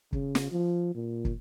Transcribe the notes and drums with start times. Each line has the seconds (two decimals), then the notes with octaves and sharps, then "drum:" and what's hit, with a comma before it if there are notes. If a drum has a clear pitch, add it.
0.13 C#3, drum: kick
0.35 drum: snare
0.52 F3
0.95 A#2
1.25 drum: kick